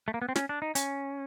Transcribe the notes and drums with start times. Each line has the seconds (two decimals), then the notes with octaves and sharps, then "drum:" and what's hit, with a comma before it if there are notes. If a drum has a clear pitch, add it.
0.08 A3
0.14 A#3
0.22 B3
0.29 C4
0.36 C#4, drum: snare
0.49 D4
0.62 D#4
0.75 C#4, drum: hi-hat